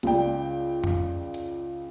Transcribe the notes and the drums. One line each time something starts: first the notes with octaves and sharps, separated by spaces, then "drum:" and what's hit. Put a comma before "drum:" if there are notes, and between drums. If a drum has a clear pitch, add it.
C#2 D5 G5, drum: hi-hat
drum: tom F2
drum: hi-hat